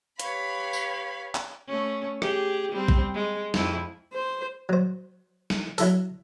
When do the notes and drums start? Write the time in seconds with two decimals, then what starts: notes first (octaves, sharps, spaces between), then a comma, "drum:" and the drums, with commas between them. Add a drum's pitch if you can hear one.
0.20 G4 B4 C#5 F5 B5, drum: hi-hat
0.73 drum: tambourine
1.35 drum: clap
1.68 A3 C#4
2.22 G4 G#4, drum: rim click
2.72 G3 C4
2.88 drum: kick
3.14 G#3
3.54 F2 E4, drum: snare
4.13 C5
4.69 F#3 C5
5.50 drum: snare
5.78 F#3 E4 A4, drum: open hi-hat